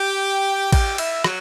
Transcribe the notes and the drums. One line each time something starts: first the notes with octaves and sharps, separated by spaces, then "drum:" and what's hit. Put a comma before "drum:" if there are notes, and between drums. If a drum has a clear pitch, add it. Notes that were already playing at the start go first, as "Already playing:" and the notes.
Already playing: G4 G5
G4 G5, drum: kick A1, cymbal
E4 E5, drum: cymbal
F#3 F#4, drum: rim click